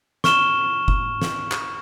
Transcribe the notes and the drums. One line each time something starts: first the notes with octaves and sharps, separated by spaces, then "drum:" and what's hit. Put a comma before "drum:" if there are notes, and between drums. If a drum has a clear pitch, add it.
C#6 F6 E7 G7, drum: snare
drum: kick F#1
drum: snare
drum: clap